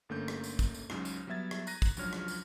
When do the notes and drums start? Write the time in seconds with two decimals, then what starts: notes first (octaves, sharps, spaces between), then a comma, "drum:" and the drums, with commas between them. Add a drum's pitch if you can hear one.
0.09 G1 D3 A3 A#3 C#4 G6
0.28 drum: rim click
0.44 drum: tambourine
0.59 drum: kick, tambourine
0.74 drum: tambourine
0.90 C#2 G#2 C#3 F#3, drum: rim click
1.05 drum: tambourine
1.27 F#3 G3 B3 E5 G#6 A6
1.51 drum: rim click
1.67 A#5 F#6 A#6 D#7, drum: tambourine
1.82 drum: kick, tambourine
1.97 C#2 F3 F#3 D4 C#5 F6, drum: tambourine
2.13 drum: rim click
2.28 drum: tambourine